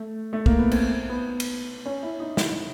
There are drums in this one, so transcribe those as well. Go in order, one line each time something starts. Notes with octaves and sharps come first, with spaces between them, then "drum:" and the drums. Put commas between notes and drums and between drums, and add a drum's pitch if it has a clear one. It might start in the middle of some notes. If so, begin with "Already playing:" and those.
Already playing: A3
A3
A#3, drum: kick
B3
C4, drum: cymbal
B3
drum: cymbal
C#4
E4
D#4
E4, drum: snare